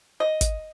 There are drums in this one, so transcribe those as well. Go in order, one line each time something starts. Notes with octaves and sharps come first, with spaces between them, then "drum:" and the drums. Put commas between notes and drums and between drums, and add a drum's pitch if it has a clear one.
D#5
drum: kick, hi-hat